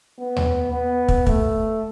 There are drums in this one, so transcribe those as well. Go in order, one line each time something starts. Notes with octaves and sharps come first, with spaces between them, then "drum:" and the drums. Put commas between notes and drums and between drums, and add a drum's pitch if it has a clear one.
B3
drum: tom D#2
B3
drum: kick
A3, drum: kick